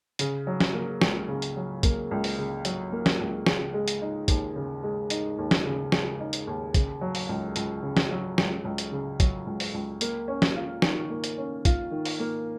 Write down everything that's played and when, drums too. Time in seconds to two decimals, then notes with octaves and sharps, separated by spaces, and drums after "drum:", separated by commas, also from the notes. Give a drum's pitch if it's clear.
0.19 C#3, drum: hi-hat
0.47 F#3
0.60 drum: snare
0.74 A#3
1.02 C#2, drum: snare
1.28 C#3
1.42 drum: hi-hat
1.56 F#3
1.83 A#3, drum: kick, hi-hat
2.11 C#2
2.24 drum: open hi-hat
2.38 C#3
2.65 F#3, drum: hi-hat
2.92 A#3
3.06 drum: snare
3.20 C#2
3.46 C#3, drum: snare
3.74 G#3
3.88 drum: hi-hat
4.01 D#4
4.28 D#2, drum: kick, hi-hat
4.56 C#3
4.83 G#3
5.10 D#4, drum: hi-hat
5.38 D#2
5.51 drum: snare
5.65 C#3
5.92 G#3, drum: snare
6.20 D#4
6.33 drum: hi-hat
6.47 D#2
6.74 C#3, drum: kick, hi-hat
7.01 F#3
7.15 drum: open hi-hat
7.29 C#2
7.56 C#2, drum: hi-hat
7.83 C#3
7.97 drum: snare
8.11 F#3
8.38 C#2, drum: snare
8.65 C#2
8.78 drum: hi-hat
8.92 C#3
9.20 F#3, drum: kick, hi-hat
9.46 C#2
9.60 drum: open hi-hat
9.74 C#2
10.01 A#3, drum: hi-hat
10.28 C#4
10.42 drum: snare
10.56 F4
10.82 D#3, drum: snare
11.10 A#3
11.24 drum: hi-hat
11.38 C#4
11.65 F4, drum: kick, hi-hat
11.91 D#3
12.05 drum: open hi-hat
12.20 A#3